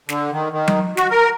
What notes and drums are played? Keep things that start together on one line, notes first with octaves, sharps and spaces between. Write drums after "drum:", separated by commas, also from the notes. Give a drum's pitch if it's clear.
D3, drum: snare
D#3
D#3
drum: tom F#3
F#4, drum: snare
A#4